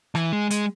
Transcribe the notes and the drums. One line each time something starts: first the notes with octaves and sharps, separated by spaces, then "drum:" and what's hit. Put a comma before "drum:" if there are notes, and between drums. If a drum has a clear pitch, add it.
E3, drum: rim click
G#3
G#3, drum: hi-hat